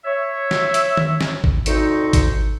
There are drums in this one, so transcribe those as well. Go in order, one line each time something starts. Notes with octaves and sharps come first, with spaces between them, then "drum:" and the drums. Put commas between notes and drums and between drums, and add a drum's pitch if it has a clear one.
C#5 E5
drum: snare
drum: hi-hat
drum: tom D#3
drum: snare
drum: kick
D2 B2 C4 D#4 C5 C#6, drum: hi-hat
drum: kick, hi-hat